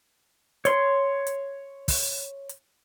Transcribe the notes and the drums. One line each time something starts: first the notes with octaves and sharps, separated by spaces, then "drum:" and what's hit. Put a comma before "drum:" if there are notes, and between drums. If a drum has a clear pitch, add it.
C#5 C6, drum: hi-hat
drum: hi-hat
drum: kick, open hi-hat
drum: hi-hat